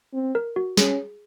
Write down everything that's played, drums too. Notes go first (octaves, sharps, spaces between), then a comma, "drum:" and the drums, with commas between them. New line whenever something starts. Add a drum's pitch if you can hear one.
C4
A#4
F#4
C#4 G#4, drum: snare